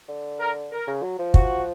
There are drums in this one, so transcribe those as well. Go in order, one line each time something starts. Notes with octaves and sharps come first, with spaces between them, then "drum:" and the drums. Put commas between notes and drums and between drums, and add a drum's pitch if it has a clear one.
D3
A#4
A#4
C#3
F#3
F3
F#4, drum: kick